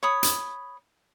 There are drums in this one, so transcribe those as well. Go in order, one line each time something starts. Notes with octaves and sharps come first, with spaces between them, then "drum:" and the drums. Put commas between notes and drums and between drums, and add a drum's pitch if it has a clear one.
C#5 B5 D#6
drum: hi-hat